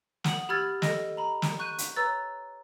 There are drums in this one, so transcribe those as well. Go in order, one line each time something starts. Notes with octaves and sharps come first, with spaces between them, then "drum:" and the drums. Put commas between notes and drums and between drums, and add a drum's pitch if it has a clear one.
F#5 D#6 F#7, drum: snare
G4 B5 E6 F6 G#6 A6
A4 D#5, drum: snare
A#5 B5
drum: snare
C#6 F#6 G6 D#7
drum: hi-hat
B4 C#5 A#5 E6 A6